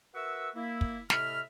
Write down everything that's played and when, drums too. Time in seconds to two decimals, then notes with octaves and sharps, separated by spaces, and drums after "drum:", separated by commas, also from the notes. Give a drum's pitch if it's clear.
0.14 F#4 A#4 B4 E5 C#6 E6
0.55 A#3 E4
0.81 drum: kick
1.10 A2 C3 D#5 E5 B5 F6, drum: snare